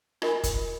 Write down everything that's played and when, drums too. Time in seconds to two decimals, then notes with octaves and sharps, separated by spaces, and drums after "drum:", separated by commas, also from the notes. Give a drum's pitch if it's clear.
0.22 F4 A#4 D#5 G#5 B5, drum: rim click
0.44 drum: kick, hi-hat